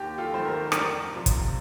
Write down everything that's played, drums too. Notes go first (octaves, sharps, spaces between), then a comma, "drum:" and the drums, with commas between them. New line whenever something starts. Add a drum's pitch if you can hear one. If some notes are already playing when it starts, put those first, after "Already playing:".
Already playing: D#2 G4
F4 A4
D#3 A3 C5
G4 A#4
F2 A#4 D5, drum: rim click
C3 F3
drum: kick, hi-hat